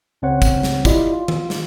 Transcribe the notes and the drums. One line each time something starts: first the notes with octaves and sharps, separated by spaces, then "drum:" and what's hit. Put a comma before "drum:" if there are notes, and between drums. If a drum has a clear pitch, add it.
C#2 C#3 C4 C5 C#5 F#5
drum: kick, tambourine
drum: snare
E4 F4 G4 D5 D#5, drum: kick, tambourine
F4
drum: tom D#3
drum: snare